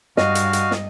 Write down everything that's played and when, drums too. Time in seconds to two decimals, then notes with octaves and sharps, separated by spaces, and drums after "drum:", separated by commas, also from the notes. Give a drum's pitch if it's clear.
0.17 G2 F#4 D#5 F5 F6, drum: snare
0.35 drum: hi-hat
0.53 drum: hi-hat
0.71 drum: snare